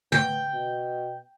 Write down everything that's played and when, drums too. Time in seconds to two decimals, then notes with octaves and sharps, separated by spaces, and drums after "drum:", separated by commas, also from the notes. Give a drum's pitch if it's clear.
0.12 B3 G5, drum: tom
0.53 B2